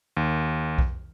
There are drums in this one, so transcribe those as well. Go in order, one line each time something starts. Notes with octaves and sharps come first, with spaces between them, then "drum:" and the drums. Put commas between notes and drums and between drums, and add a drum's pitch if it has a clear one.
D#2
drum: kick B1